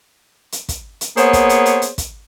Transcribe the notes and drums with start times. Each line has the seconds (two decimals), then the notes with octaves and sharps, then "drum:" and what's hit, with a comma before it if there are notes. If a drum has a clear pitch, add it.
0.52 drum: hi-hat
0.69 drum: kick, hi-hat
1.01 drum: hi-hat
1.17 A#3 B3 G#4 C5 C#5, drum: hi-hat
1.33 drum: kick, hi-hat
1.49 drum: hi-hat
1.66 drum: hi-hat
1.82 drum: hi-hat
1.98 drum: kick, hi-hat